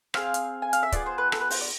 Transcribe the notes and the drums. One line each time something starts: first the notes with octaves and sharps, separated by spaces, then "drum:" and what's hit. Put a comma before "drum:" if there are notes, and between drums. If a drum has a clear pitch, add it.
C4 E4 G#4 F5, drum: rim click
drum: hi-hat
G#5
F5, drum: hi-hat
E5
B3 F4 G#4 D5, drum: kick, hi-hat
C5
B4
A4, drum: rim click
B4
C5, drum: open hi-hat
D5